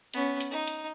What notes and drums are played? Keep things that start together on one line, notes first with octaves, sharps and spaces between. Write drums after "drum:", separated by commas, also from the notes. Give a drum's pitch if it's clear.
B3 C#4, drum: hi-hat
drum: hi-hat
D#4
drum: hi-hat